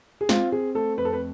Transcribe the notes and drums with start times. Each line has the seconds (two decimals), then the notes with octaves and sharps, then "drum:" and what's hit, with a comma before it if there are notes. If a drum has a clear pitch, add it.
0.21 G#4
0.29 C4 F4, drum: snare
0.52 C4 G#4
0.75 A3 A4
0.97 F2 B4
1.05 A4
1.13 B4